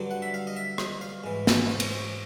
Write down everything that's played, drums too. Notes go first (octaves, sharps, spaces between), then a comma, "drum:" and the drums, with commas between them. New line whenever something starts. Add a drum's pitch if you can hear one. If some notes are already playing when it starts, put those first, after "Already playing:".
Already playing: G2 D3 F#3
F#5
E5
F5
D#5
E5
D#5, drum: rim click
F5
G#2 E3
C#5, drum: snare
C5
C#5, drum: cymbal
C5